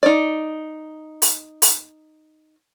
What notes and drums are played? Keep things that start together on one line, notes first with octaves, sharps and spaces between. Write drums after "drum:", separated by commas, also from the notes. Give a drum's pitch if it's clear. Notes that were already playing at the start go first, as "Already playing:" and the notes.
D#4 D5
drum: open hi-hat
drum: open hi-hat